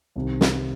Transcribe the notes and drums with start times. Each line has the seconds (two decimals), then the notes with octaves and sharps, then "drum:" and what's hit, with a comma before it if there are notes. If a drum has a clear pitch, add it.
0.16 C2 C3 D#3
0.41 drum: snare